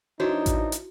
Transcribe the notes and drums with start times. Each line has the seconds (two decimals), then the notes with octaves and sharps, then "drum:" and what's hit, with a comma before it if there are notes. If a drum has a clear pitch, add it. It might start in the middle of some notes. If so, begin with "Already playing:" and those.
0.20 E3 D4 D#4 F#4 C5 C#5
0.46 drum: kick A1, hi-hat
0.72 drum: hi-hat